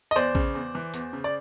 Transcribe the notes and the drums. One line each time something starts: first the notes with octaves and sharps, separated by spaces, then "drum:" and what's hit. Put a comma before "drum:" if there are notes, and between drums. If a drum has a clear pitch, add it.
D#5
E2 C5 D5
C#3, drum: kick
E2
E3
E2, drum: hi-hat
C#3
D5